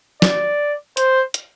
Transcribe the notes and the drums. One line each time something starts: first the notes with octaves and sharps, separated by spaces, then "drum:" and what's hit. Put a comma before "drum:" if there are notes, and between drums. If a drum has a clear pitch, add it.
D5, drum: snare
C5, drum: hi-hat
drum: hi-hat